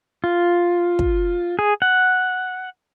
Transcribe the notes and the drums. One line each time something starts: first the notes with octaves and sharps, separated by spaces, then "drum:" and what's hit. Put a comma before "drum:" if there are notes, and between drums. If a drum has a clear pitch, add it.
F4
drum: kick
G#4
F#5